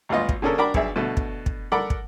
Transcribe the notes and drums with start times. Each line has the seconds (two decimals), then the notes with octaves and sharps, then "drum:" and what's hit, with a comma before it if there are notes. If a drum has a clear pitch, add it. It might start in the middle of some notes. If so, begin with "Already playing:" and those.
0.09 G#1 D2 B3 F4 D#5
0.29 drum: kick
0.42 C#3 A#3 C#4 D4 A4 A#4
0.58 D4 F#4 A#4 G5 B5 D6
0.74 B1 D4 G#4 E5, drum: kick
0.96 B2 D3 A3
1.17 drum: kick
1.46 drum: kick
1.72 A4 A#4 D5 F#5 B5 D6
1.90 drum: kick